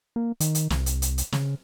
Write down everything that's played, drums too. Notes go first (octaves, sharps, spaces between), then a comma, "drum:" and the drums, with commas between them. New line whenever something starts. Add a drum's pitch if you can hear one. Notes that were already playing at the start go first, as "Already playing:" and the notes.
A#3
D#3, drum: hi-hat
drum: hi-hat
C2, drum: snare
drum: hi-hat
drum: hi-hat
drum: hi-hat
C#3, drum: snare